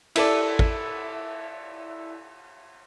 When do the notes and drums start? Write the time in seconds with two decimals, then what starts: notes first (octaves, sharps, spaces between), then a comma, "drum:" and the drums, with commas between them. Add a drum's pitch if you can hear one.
0.16 E4 A4 D5, drum: cymbal
0.59 drum: kick